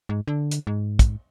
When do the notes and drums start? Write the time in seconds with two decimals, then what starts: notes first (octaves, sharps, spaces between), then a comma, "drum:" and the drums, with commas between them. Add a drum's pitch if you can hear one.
0.09 G#2
0.28 D3
0.51 drum: hi-hat
0.67 G#2
0.99 drum: kick, hi-hat